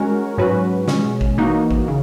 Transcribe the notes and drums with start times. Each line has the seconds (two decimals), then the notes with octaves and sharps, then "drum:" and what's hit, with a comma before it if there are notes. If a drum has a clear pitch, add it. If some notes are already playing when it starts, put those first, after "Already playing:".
Already playing: G#3 C#4 F#4 A#4 C#5
0.38 G#2 F#3 C#4 F#4 B4
0.88 B2 G#3 C#4, drum: snare
1.21 drum: kick A1
1.38 E3 A#3 D#4 F#4
1.71 drum: kick A1
1.88 C#3